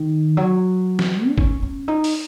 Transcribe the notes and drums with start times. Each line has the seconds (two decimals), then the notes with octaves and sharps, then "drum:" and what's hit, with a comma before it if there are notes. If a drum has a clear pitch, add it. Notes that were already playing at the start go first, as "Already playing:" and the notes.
Already playing: D#3
0.37 F#3
0.99 drum: snare
1.29 D#4
1.38 C#4, drum: kick G1
1.63 C#4
1.88 D#4
2.04 drum: open hi-hat